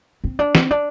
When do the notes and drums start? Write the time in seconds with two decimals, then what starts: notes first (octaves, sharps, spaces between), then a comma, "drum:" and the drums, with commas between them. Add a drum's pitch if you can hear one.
0.24 C4
0.39 D4
0.55 C4, drum: snare
0.71 D4